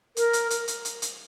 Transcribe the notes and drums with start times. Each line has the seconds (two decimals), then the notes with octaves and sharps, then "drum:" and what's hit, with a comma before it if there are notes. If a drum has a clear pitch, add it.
0.17 A#4, drum: hi-hat
0.33 drum: hi-hat
0.50 drum: hi-hat
0.68 drum: hi-hat
0.85 drum: hi-hat
1.02 drum: hi-hat